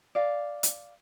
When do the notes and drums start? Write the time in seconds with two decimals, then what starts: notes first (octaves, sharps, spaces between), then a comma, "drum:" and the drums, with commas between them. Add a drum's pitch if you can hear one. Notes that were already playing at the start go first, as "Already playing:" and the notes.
0.15 D5 F5
0.63 drum: hi-hat